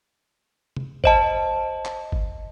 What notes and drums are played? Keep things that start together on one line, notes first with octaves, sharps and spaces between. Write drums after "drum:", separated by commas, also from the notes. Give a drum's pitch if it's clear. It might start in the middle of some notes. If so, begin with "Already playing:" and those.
drum: tom
C5 D#5 A5, drum: kick G1
drum: clap
drum: kick G1